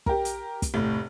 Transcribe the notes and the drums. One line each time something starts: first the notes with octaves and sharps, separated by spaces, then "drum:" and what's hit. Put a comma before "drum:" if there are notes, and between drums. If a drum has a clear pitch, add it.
G4 A#4, drum: kick
drum: hi-hat
drum: kick, hi-hat
F1 A2